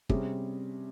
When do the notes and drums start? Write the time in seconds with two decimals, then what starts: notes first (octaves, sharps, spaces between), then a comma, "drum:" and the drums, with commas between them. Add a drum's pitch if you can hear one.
0.09 C3 G3 C#4 G#4, drum: kick